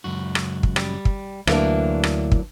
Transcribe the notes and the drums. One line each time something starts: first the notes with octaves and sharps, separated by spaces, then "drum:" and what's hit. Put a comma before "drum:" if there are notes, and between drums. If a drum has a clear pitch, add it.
C#2 F#2 F#4
drum: rim click
drum: kick
G3, drum: rim click
drum: kick
D2 E3 F#3 A#3 D4, drum: rim click
drum: rim click
drum: kick